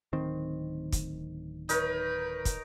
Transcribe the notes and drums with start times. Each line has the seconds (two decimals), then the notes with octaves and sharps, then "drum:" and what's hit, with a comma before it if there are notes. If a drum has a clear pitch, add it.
0.13 D1 D#3 C4
0.92 drum: kick, hi-hat
1.69 D#4 A#4 B4 C#5, drum: hi-hat
2.45 drum: kick, hi-hat